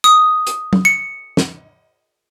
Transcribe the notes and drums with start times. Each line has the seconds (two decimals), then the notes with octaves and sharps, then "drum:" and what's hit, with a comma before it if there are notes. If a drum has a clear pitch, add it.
0.04 D#6
0.47 drum: hi-hat
0.73 drum: tom
0.85 C#7
1.37 drum: snare